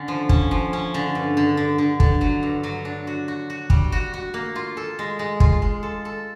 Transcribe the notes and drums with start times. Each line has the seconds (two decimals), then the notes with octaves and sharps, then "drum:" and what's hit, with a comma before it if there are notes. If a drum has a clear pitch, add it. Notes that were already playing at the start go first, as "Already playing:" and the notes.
Already playing: D3 C#4
0.08 F3
0.29 C#4, drum: kick
0.51 F3
0.73 C#4
0.94 D3
1.15 G2
1.37 D3
1.57 D3
1.78 D3
2.00 D3, drum: kick
2.21 F#3
2.43 G2
2.63 F#3
2.85 D4
3.07 F#4
3.28 F#4
3.50 F#4
3.70 G3, drum: kick
3.92 F#4
4.14 F#4
4.34 A#3
4.55 F4
4.77 A4
4.99 G#3
5.19 G#3
5.40 F4, drum: kick
5.62 G#3
5.83 A4
6.05 A4